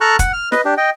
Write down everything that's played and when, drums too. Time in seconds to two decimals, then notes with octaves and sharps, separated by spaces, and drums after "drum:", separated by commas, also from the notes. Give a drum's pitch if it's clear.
0.01 A4 A5 A#5 C#6 F6 F#6
0.19 F#5, drum: kick, hi-hat
0.33 F6
0.52 B4 D#5, drum: snare
0.65 D4 G4
0.77 D#5 G5